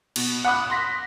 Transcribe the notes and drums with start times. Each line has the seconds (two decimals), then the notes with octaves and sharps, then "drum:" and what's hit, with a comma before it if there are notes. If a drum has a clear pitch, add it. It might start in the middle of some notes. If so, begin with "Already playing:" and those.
0.16 B2, drum: cymbal
0.45 F#5 B5 D6 D#6 F#6
0.70 C6 A#6 B6